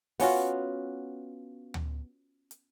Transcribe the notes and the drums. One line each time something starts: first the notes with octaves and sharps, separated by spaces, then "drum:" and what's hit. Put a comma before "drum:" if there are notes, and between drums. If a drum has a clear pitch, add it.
B3 C#4 F4 F#4, drum: open hi-hat
drum: tom D2
drum: hi-hat